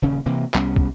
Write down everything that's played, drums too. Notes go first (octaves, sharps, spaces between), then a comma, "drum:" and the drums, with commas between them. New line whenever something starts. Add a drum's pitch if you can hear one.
D#1 C#3 C#4
C3 E3 A#3
C2 G3 B3 C#4, drum: clap
drum: kick